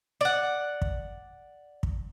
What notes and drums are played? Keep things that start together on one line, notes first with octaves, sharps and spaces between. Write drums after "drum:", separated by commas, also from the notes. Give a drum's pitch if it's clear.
D5 F#5
drum: kick
drum: kick